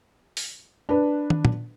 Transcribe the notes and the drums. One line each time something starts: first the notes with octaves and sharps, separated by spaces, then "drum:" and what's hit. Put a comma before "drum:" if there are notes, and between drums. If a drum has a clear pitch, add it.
drum: open hi-hat
D4 B4
drum: tom
drum: tom